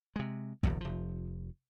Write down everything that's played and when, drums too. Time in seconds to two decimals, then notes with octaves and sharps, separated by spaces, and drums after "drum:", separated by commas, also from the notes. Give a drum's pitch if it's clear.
0.16 C3 G#3
0.63 D1 E2 B2, drum: kick
0.81 F1 F3